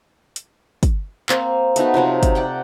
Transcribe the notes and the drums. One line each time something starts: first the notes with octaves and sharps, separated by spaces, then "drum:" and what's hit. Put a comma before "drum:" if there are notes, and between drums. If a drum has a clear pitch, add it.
drum: hi-hat
drum: kick, hi-hat
A#3 C4, drum: clap
A3 B3 D#4 F#4, drum: hi-hat
C3 F3 F#3 D#4
drum: kick, hi-hat
D5 F#5 G5